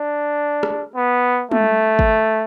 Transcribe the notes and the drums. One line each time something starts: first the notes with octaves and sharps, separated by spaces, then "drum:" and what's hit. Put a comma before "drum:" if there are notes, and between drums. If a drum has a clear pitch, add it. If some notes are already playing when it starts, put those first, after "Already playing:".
Already playing: D4
drum: rim click
B3
A3, drum: tom
drum: kick